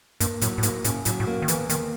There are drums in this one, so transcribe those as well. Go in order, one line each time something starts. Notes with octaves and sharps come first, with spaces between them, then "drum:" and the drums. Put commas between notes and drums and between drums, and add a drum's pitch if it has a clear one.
G2 A#3, drum: hi-hat
A2 F#3, drum: hi-hat
A2
G#2 A#3, drum: hi-hat
A2 C#3, drum: hi-hat
A2 F#3, drum: hi-hat
A2
A#3
D#3
E2 E3, drum: hi-hat
D#3 A#3, drum: hi-hat